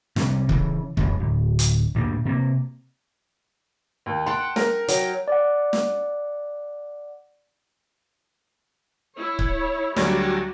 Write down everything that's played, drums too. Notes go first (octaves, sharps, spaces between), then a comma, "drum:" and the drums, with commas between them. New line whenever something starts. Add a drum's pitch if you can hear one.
C3 G3 A3 C#4, drum: snare
C#3 E3, drum: kick C#1
F2 C#3 G#3, drum: kick C#1
D1
drum: hi-hat
D2 G2 A#2
C3 A#3
D#2
F#5 G5 A5 C6
A#4, drum: snare
F#3 G5, drum: hi-hat
D5 F#5
drum: snare
E4 C#5
drum: kick C#1
D2 F#3 G3 F#4 G4, drum: snare